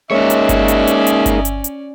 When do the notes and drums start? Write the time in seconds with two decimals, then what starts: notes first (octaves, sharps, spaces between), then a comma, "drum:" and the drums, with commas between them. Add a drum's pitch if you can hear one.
0.11 G#3 A#3 C#4 D#4 C#5 D5 E5
0.30 drum: hi-hat
0.49 drum: kick G1, hi-hat
0.68 drum: hi-hat
0.87 drum: hi-hat
1.07 drum: hi-hat
1.26 drum: kick G1, hi-hat
1.45 drum: hi-hat
1.64 drum: hi-hat